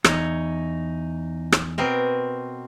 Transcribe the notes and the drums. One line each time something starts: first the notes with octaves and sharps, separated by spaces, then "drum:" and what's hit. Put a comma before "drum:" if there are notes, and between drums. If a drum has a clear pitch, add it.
E2 D#4 C#5, drum: rim click
drum: rim click
B2 C4 A#4